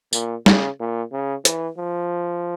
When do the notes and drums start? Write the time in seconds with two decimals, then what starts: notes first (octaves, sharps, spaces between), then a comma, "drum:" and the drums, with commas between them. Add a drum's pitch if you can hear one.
0.13 A#2, drum: tambourine
0.46 C#3, drum: snare
0.80 A#2
1.12 C#3
1.45 E3, drum: hi-hat
1.78 F3